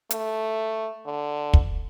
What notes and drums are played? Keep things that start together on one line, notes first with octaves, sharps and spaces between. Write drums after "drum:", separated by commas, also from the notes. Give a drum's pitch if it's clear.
A3, drum: hi-hat
D3
drum: kick